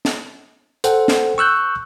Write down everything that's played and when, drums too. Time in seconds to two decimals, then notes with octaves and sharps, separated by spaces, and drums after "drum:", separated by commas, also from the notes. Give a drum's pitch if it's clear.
0.05 drum: snare
0.84 A4 C5 F#5 G5, drum: hi-hat
1.08 drum: snare
1.38 C#6 E6 F#6 G6